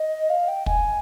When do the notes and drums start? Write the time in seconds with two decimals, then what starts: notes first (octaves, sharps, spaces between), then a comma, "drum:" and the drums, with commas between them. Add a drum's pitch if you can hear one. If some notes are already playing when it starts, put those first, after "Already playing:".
Already playing: D#5
0.30 F5
0.48 G5
0.66 G#5, drum: kick